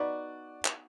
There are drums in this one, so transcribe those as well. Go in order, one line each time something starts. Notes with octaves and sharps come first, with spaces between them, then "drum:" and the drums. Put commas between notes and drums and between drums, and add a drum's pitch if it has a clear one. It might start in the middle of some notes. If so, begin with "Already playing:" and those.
Already playing: B3 D#4 F#4 D5
drum: clap